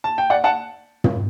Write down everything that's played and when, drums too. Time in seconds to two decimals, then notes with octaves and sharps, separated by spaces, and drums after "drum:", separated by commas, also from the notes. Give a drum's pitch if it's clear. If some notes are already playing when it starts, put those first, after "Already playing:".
0.04 A5
0.18 G5
0.30 D5 F#5
0.44 F#5 A5
1.04 drum: tom